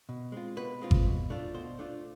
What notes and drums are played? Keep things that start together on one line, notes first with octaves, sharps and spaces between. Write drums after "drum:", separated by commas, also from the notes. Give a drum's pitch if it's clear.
B2
G#3 C4 F4
B2 B4
G#3 C4 F4
drum: kick G#1
B2
A3 D4 F4
B2 C5
A3 D4 F4